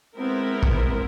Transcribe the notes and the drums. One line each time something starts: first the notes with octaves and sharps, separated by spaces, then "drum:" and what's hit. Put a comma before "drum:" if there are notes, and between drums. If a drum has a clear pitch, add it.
G#3 B3 C4 E4 A#4
drum: kick